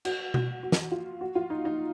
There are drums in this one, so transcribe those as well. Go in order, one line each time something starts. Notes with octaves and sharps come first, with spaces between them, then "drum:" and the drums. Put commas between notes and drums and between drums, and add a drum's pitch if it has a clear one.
F#4, drum: cymbal
F#4, drum: tom B2
F#4
drum: snare
F4
F#4
F4
D#4
D#4